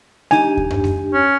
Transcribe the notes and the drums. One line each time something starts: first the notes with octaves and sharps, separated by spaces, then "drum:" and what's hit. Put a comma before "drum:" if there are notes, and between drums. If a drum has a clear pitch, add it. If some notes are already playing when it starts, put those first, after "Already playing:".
D4 D#4 G4 G#5, drum: snare G#3
drum: kick D#2
drum: tom F#2
drum: snare G#3
C#4